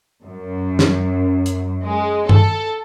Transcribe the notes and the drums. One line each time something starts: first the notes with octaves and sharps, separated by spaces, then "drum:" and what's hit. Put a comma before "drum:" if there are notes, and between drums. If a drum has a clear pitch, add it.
F#2
drum: snare
drum: hi-hat
G#3
A4, drum: tom G2